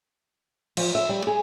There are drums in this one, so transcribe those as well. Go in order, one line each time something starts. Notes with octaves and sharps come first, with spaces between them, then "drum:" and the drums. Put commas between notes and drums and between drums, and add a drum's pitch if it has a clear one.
F3, drum: cymbal
E5
G3
G#4